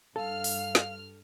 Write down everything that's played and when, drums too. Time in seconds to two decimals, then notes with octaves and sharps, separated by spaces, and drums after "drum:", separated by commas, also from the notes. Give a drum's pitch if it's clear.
0.16 G2 A4 F5 F6
0.44 drum: open hi-hat
0.75 drum: snare